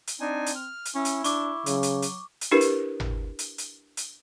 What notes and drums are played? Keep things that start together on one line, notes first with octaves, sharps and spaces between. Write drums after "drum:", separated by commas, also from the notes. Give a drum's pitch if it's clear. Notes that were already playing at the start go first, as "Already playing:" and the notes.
drum: hi-hat
C4 D4 D#4 G#5
drum: hi-hat
F6
drum: hi-hat
C#4 E4
drum: hi-hat
D4 C#6 D6, drum: hi-hat
C#3 F#3, drum: hi-hat
drum: hi-hat
drum: hi-hat
drum: hi-hat
D4 E4 G4 A#4 B4
drum: hi-hat
drum: tom G#1
drum: hi-hat
drum: hi-hat
drum: hi-hat